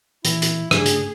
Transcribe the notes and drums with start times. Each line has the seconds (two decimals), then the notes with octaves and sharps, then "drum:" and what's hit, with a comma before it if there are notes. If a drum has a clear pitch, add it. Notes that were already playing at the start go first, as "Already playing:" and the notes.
0.25 A#2 E3 E4, drum: hi-hat
0.42 drum: hi-hat
0.71 G2 C#3 A3 D4 G#4, drum: rim click
0.86 drum: hi-hat